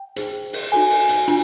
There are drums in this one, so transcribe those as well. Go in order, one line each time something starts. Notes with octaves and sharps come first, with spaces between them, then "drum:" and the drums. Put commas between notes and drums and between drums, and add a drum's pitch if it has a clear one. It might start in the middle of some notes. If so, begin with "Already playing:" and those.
Already playing: G5
D#4 G#4 C5, drum: hi-hat
drum: open hi-hat
D#4 F#4 A4 G#5
drum: open hi-hat
drum: hi-hat
D4 F4, drum: hi-hat